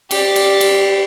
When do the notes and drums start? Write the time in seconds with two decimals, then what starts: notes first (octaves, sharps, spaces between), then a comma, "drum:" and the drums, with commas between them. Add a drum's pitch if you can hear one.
0.11 G4 D5, drum: cymbal
0.36 drum: cymbal
0.61 drum: cymbal